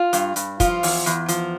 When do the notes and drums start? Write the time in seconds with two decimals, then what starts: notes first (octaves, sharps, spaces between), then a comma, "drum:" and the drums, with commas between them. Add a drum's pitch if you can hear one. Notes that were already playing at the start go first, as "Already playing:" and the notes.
Already playing: F4
0.13 G2, drum: hi-hat
0.36 G2, drum: hi-hat
0.60 F3 F4, drum: kick, hi-hat
0.83 E2, drum: open hi-hat
1.06 E2, drum: hi-hat
1.28 F3, drum: hi-hat